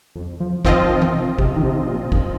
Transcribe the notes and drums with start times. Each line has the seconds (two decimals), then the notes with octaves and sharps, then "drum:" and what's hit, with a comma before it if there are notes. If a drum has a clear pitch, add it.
0.16 F2
0.40 F3
0.65 D#3 F3 C4 F4 D#5, drum: kick
0.89 D#3
1.02 drum: tom E3
1.14 C3
1.39 C3, drum: kick
1.56 D#3
1.62 C3
1.83 C3
1.87 A#2
2.12 D#3, drum: kick